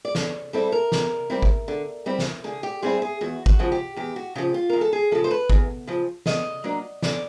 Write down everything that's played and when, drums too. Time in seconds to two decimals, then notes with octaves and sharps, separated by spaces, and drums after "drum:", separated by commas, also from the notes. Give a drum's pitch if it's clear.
0.05 D5
0.15 D3 C#5, drum: snare
0.53 G3 C4 E4 A4
0.72 A#4
0.92 D3, drum: snare
1.30 G3 C4 E4
1.42 drum: kick
1.68 D3
2.06 G3 C4 E4
2.19 drum: snare
2.44 D3 G#4
2.63 G4
2.82 G3 C4 E4 G#4
3.02 G#4
3.21 E2 F#4
3.46 F#4, drum: kick
3.59 C#3 F3
3.72 G4
3.96 E2 G4
4.16 F#4
4.35 C#3 F3 G4
4.54 F4
4.70 E2 A#4
4.81 A4
4.93 G#4
5.11 C#3 F3 A4
5.24 C5
5.31 B4
5.50 E2, drum: kick
5.87 C#3 F3
6.26 D3 D#5, drum: snare
6.64 F#3 A#3 D4
7.02 D3 D5, drum: snare